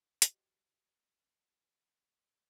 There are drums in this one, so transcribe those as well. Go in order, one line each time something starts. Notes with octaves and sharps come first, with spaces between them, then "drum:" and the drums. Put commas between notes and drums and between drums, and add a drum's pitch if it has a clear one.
F#4 G4 C5 D#5, drum: hi-hat